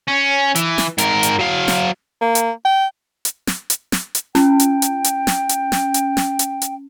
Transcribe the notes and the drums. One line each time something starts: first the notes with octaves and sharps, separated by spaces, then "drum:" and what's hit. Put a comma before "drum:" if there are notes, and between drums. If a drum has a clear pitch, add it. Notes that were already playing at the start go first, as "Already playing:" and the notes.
C#4
E3, drum: hi-hat
drum: snare
G#2 A#4, drum: hi-hat
drum: hi-hat
F#3 F5
drum: snare
A#3
drum: hi-hat
G5
drum: hi-hat
drum: snare
drum: hi-hat
drum: snare
drum: hi-hat
C#4 G5, drum: snare
drum: hi-hat
drum: hi-hat
drum: hi-hat
drum: snare
drum: hi-hat
drum: snare
drum: hi-hat
drum: snare
drum: hi-hat
drum: hi-hat